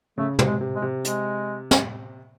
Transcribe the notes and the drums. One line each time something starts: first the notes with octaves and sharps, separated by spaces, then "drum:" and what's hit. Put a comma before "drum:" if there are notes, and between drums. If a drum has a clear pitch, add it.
C#3 A3
C3, drum: tom
G#3
C3
G#3
C3
G#3, drum: hi-hat
drum: snare